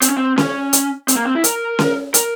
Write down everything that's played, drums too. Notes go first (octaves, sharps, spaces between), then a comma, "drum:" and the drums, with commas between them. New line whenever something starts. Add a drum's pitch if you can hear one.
C4, drum: hi-hat
C#4
C4
C#4, drum: snare C#4
drum: hi-hat
C4, drum: hi-hat
A#3
C4
E4
A#4, drum: hi-hat
drum: snare C#4
A#4, drum: hi-hat